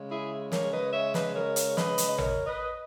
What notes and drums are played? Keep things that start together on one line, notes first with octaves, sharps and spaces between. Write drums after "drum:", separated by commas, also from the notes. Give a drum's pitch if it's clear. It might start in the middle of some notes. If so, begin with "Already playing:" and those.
Already playing: C#3 G#3
E4 G#4
A#4 C#5, drum: snare
B4 D#5
C#5 E5
B4 D#5, drum: snare
A#4 C#5
drum: hi-hat
B4 D#5, drum: snare
drum: hi-hat
D#5
A#4 C#5, drum: tom A1
B4 D#5